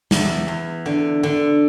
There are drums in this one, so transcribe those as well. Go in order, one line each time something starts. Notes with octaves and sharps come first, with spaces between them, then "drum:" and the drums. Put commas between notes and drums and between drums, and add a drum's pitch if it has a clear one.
E2, drum: snare
E2
D3
D3